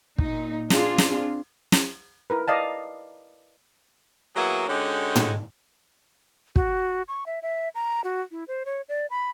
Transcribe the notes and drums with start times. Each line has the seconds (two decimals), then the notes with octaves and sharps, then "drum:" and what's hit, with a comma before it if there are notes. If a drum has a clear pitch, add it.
0.18 A#2 D#4, drum: kick
0.70 C4 D4 F4 G#4, drum: snare
0.98 drum: snare
1.72 drum: snare
2.30 E4 A#4 B4
2.48 D5 D#5 F5 A5
4.36 F#3 A#3 B3 E4 F#4 G#4
4.69 D3 G#3 C#4 D#4 F#4 G4
5.16 drum: tom
6.56 F#4, drum: kick
7.08 C#6
7.26 E5
7.42 E5
7.75 A#5
8.04 F#4
8.31 E4
8.48 C5
8.66 C#5
8.89 D5
9.10 B5